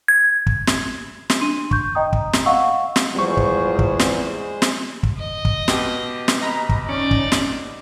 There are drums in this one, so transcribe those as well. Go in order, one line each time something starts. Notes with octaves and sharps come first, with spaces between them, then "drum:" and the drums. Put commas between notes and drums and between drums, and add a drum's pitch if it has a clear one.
G#6
drum: kick
drum: snare
drum: snare
D4 C6 D#7
C#6 G6, drum: kick
D#5 G5 A#5 D#6
drum: kick
drum: snare
D#5 F5 F#5 C#6 E6
drum: snare
E2 F3 G3 G#3 C5 C#6
drum: kick
drum: kick
drum: snare
drum: snare
drum: kick
D#5
drum: kick
B2 G4, drum: snare
drum: snare
D#5 A#5 B5
drum: kick
C#4 D#4 D5
drum: kick
drum: snare